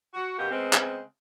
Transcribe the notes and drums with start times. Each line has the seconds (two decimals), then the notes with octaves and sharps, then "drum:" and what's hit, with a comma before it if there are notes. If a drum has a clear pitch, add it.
0.13 F#4
0.37 F#2 B2 A#3 F#4 G4
0.51 C#3 G#3 B3 C4
0.73 drum: clap